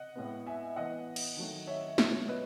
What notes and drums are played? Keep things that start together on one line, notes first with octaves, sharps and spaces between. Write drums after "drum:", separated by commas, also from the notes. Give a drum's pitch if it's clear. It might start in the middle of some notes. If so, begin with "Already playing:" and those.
Already playing: D#5 F#5
A2 G#3 B3
E5 G#5
E3 B3 D#5 F#5
drum: cymbal
D#3 F#3 A3
C#5 E5
B2 F#3 B3, drum: snare
B4 D#5